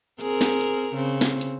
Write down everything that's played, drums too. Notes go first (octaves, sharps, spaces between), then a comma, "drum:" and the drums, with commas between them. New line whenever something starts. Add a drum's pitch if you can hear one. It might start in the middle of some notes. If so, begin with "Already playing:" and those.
C4 G#4 A#4, drum: hi-hat
drum: snare
drum: hi-hat
C#3 C4
drum: snare
drum: hi-hat